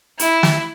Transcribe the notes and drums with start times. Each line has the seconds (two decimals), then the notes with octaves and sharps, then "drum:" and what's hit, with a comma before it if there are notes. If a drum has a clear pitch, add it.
0.19 E4, drum: hi-hat
0.43 drum: snare